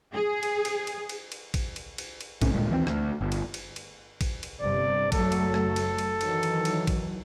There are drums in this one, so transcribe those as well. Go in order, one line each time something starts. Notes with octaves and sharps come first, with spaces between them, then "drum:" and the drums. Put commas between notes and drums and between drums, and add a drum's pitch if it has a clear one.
G#4
drum: cymbal
drum: cymbal
drum: cymbal
drum: cymbal
drum: cymbal
drum: kick, cymbal
drum: cymbal
drum: cymbal
drum: cymbal
B1 A2 C3 C#4, drum: kick, cymbal
D1 G2 A#2 G#3
D#2 E3 B3 C4
D2, drum: rim click
G1
drum: cymbal
drum: cymbal
drum: cymbal
drum: kick, cymbal
drum: cymbal
G1 G2 C3 D5
F#1 F#3 A3 A4, drum: kick, cymbal
drum: cymbal
drum: rim click
drum: cymbal
drum: cymbal
D#3 E3 F#3, drum: cymbal
drum: cymbal
drum: cymbal
drum: kick, cymbal